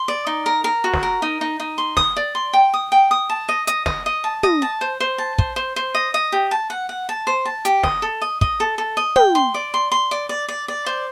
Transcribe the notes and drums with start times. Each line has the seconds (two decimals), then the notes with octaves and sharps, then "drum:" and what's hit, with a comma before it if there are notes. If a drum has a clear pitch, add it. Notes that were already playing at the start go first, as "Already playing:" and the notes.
Already playing: C6
0.08 D5
0.27 D#4
0.46 A#4
0.64 A#4
0.84 F#4
0.94 drum: snare
1.03 A#4
1.22 D#4
1.41 D#4
1.60 D#4
1.78 C6
1.97 D#6, drum: snare
2.16 D5
2.35 C6
2.53 G5
2.74 D#6
2.92 G5
3.11 D#6
3.29 A5
3.49 D#5
3.67 D#5, drum: hi-hat
3.86 D#5, drum: snare
4.06 D#5
4.24 A5
4.43 D#5, drum: tom
4.62 A5
4.81 C5
5.00 C5
5.18 A5
5.38 C5, drum: kick
5.56 C5
5.76 C5
5.95 D#5
6.14 D#5
6.32 G4
6.51 A5
6.70 F#5
6.89 F#5
7.09 A5
7.27 C5
7.45 A5
7.65 G4, drum: hi-hat
7.83 D#5, drum: snare
8.02 A4
8.21 D#5
8.41 D#5, drum: kick
8.60 A4
8.78 A4
8.97 D#5
9.16 G5, drum: tom
9.35 C6
9.54 D5
9.74 C6
9.92 C6
10.11 D5
10.29 D5
10.48 D5
10.68 D5
10.86 C5